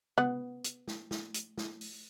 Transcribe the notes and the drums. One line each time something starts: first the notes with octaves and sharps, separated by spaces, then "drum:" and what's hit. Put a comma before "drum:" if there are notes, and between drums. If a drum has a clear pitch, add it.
B3 F#5, drum: tom C3
drum: hi-hat
drum: snare
drum: snare
drum: hi-hat
drum: snare
drum: open hi-hat